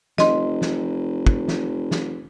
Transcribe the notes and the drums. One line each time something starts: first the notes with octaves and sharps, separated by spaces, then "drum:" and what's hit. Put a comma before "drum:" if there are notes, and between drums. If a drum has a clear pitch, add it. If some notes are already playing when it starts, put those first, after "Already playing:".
F1 D#5 C6, drum: snare
drum: snare
drum: kick
drum: snare
drum: snare